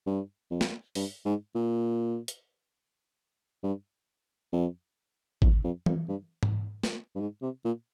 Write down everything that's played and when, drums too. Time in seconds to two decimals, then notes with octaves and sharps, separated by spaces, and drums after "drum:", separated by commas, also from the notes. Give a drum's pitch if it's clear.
0.06 G2
0.50 F2
0.61 drum: snare
0.95 G2, drum: open hi-hat
1.25 G#2
1.55 A#2
2.28 drum: hi-hat
3.63 G2
4.53 F2
5.42 E2, drum: kick G#1
5.64 F2
5.86 F2, drum: tom E3
6.08 G2
6.43 drum: tom G#2
6.84 drum: snare
7.15 G2
7.20 G#2
7.42 C3
7.65 A#2